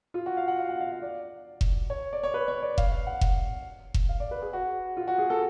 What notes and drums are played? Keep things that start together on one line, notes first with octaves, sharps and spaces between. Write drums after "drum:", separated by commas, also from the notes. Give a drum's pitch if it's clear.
F4
F#4
F5
F#5
F5
F#5
F5
F5
D5
drum: kick F1
C#5
D5
C#5
B4
C#5
D5
F5, drum: kick F1
F5
F#5
drum: kick F1
drum: kick F1
F5
D5
B4
G#4
F#4
F4
F#4
G#4
A4